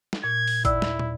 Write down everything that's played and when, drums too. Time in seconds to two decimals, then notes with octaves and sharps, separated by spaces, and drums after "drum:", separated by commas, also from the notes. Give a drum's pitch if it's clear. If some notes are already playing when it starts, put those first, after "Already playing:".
0.13 drum: snare
0.24 A#2 G#6
0.47 drum: open hi-hat
0.65 D#2 E4 D5 E6, drum: kick G#1, hi-hat
0.82 drum: snare
0.99 drum: tom